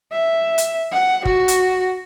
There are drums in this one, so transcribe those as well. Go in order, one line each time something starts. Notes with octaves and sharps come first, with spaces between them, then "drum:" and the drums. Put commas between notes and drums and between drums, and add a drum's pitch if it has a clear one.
E5
drum: hi-hat
F#5
F#4, drum: kick
drum: hi-hat